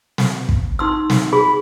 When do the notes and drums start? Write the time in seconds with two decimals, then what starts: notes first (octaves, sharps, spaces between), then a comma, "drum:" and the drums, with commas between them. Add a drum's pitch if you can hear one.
0.18 drum: snare
0.49 drum: kick
0.79 D#4 C6 E6
1.10 drum: snare
1.33 G#4 B5